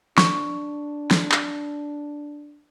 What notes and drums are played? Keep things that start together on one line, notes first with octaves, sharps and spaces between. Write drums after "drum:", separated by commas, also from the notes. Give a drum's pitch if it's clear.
D4 C#6, drum: snare
drum: snare
drum: clap